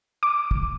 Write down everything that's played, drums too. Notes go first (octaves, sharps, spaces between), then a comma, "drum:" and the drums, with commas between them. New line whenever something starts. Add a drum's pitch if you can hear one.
D6
drum: kick